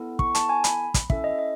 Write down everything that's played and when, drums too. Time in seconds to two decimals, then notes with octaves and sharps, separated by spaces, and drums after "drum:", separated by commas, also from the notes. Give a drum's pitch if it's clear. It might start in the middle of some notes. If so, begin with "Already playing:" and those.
Already playing: B3 E4 A4
0.19 C#6, drum: kick
0.35 A5, drum: hi-hat
0.49 G#5
0.64 B5, drum: hi-hat
0.94 drum: kick, hi-hat
1.10 C#4 E4 A4 E5, drum: kick
1.24 D#5
1.39 D#5